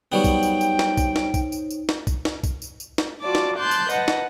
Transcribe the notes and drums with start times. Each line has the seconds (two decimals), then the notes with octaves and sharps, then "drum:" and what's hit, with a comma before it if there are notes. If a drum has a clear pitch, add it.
0.12 F#3 G3 B3 D#4 C5 C#5 G5
0.24 drum: kick, tambourine
0.43 drum: tambourine
0.61 drum: tambourine
0.79 drum: snare
0.97 drum: kick, tambourine
1.16 drum: snare
1.34 drum: kick, tambourine
1.52 drum: tambourine
1.70 drum: tambourine
1.89 drum: snare
2.07 drum: kick, tambourine
2.25 drum: snare
2.44 drum: kick, tambourine
2.62 drum: tambourine
2.80 drum: tambourine
2.98 drum: snare
3.22 F4 F#4 D5 A5 D6
3.35 drum: snare
3.58 A5 C6 D6 F#6 G6
3.71 drum: tambourine
3.90 B4 D#5 F#5 A5, drum: tambourine
4.08 drum: snare